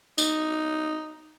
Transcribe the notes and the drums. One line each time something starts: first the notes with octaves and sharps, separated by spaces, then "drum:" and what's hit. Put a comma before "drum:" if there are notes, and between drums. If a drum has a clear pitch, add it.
D#4, drum: tambourine